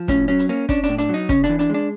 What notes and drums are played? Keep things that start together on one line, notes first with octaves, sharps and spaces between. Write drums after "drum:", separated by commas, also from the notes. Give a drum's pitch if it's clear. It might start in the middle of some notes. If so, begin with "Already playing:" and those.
Already playing: F3
A2 C#4, drum: kick, hi-hat
F#3 C#4
drum: hi-hat
A#3 C#4
C#4 D4, drum: kick, hi-hat
D4, drum: hi-hat
A2
D4, drum: hi-hat
F#3 D#4
C#3 C#4, drum: kick, hi-hat
D4, drum: hi-hat
E3
D4, drum: hi-hat
G#3 D4